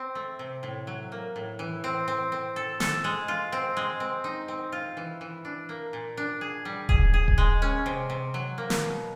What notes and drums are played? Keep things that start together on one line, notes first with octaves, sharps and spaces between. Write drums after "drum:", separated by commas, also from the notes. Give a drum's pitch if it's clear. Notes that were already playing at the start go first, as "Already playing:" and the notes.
Already playing: C4
A3
C3
A2
F#3
A#3
A2
E3
C4
C4
C4
A4
A4, drum: snare
G#3
F4
C4
G#3
C4
D#4
C4
F4
E3
E3
D4
A#3
A#2
D4
G#4
G3
G#4, drum: kick D#1
G#4
drum: kick D#1
G#3
C#4
C3
C3
F#3
A#3
drum: snare
B2